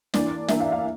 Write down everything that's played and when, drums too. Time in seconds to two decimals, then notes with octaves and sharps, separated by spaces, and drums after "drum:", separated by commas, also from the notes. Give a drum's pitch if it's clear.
0.14 E3 A#3 D4 D5, drum: snare
0.48 E3 A#3 D4 E5, drum: snare
0.60 F5
0.72 F5